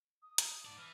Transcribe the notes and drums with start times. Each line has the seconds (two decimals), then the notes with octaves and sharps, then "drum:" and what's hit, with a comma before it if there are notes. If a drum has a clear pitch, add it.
0.22 D#6
0.38 drum: hi-hat
0.65 G#2 D5 A5
0.78 E3 F6